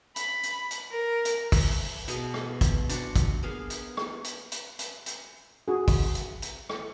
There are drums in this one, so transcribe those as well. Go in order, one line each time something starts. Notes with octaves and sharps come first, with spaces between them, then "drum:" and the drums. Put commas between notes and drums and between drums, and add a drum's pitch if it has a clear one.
B5, drum: hi-hat
drum: hi-hat
drum: hi-hat
A#4
drum: hi-hat
drum: kick, open hi-hat
B2 G#4, drum: hi-hat
drum: rim click
drum: kick, hi-hat
D4 F#4 C6, drum: hi-hat
drum: kick, hi-hat
A#3 B3 G#4 F5
drum: hi-hat
drum: rim click
drum: hi-hat
drum: hi-hat
drum: hi-hat
drum: hi-hat
F#4 G#4
drum: kick, open hi-hat
drum: hi-hat
drum: hi-hat
drum: rim click